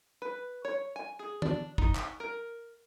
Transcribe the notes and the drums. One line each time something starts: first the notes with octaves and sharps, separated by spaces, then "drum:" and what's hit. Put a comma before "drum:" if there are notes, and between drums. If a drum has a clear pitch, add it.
B4
C#5
G#5
G#4
D4, drum: tom
D#4, drum: kick
drum: clap
A#4